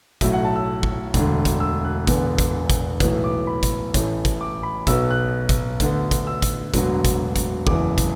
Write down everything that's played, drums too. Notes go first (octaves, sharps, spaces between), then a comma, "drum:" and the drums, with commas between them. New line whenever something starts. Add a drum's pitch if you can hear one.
B1 A2 F#3 A3 E5, drum: kick, hi-hat
F#5
A5
E6
drum: kick
E1 D2 D3, drum: kick, hi-hat
drum: kick, hi-hat
E6
F#6
E1 E2 D3 B3, drum: kick, hi-hat
drum: kick, hi-hat
drum: kick, hi-hat
B1 A2 E3 B3, drum: kick, hi-hat
D6
B5
drum: kick, hi-hat
A1 A2 E3 A3, drum: kick, hi-hat
drum: kick, hi-hat
D6
B5
B1 B2 B3 E6, drum: kick, hi-hat
F#6
drum: kick, hi-hat
D2 D3 B3, drum: kick, hi-hat
drum: kick, hi-hat
E6
drum: kick, hi-hat
E1 D2 D3 F#3 B3, drum: kick, hi-hat
drum: kick, hi-hat
drum: kick, hi-hat
F#1 E2 E3 D6, drum: kick
drum: kick, hi-hat